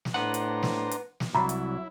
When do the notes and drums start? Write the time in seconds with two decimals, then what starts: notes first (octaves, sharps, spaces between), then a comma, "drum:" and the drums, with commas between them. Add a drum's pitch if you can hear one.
0.05 drum: snare
0.14 A2 D4 B4 C5 F#5 A#5
0.34 drum: hi-hat
0.63 drum: snare
0.91 drum: hi-hat
1.20 drum: snare
1.35 C2 F#3 E4 A#5 B5
1.49 drum: hi-hat